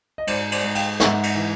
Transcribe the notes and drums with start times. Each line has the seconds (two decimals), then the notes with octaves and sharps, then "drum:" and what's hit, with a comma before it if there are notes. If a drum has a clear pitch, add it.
0.18 D#5
0.27 G#2 C5 D5, drum: cymbal
0.52 C5 D5, drum: cymbal
0.63 G#2
0.75 F5 G5, drum: cymbal
1.00 G#2 E5 F#5, drum: snare
1.23 drum: cymbal
1.35 E3